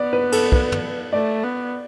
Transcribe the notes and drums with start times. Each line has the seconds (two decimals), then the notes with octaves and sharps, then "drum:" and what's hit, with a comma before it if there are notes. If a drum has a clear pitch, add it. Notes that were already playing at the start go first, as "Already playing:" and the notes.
Already playing: B3 D5
0.13 B4
0.32 A4, drum: cymbal
0.52 B4, drum: kick
0.72 drum: tom
1.13 A3 D5
1.44 B3